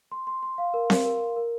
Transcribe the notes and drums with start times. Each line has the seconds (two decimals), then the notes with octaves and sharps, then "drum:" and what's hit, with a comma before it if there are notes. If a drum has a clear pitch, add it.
0.12 C6
0.27 C6
0.43 C6
0.58 F5
0.74 A#4
0.90 A#4, drum: snare C4
1.05 A#4
1.21 A#4
1.36 A#4